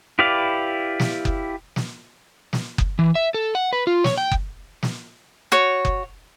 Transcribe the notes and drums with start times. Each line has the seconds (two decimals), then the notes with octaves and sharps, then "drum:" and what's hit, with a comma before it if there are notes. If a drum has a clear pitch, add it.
0.19 E4 G4 B4 D5 F5
1.00 drum: snare
1.25 drum: kick F#1
1.76 drum: snare
2.53 drum: snare
2.78 drum: kick F#1
2.99 E3
3.15 E5
3.34 A4
3.55 F#5
3.73 B4
3.87 F4
4.04 C#5, drum: snare
4.18 G5
4.31 drum: kick F#1
4.83 drum: snare
5.52 F#4 C#5
5.85 drum: kick F#1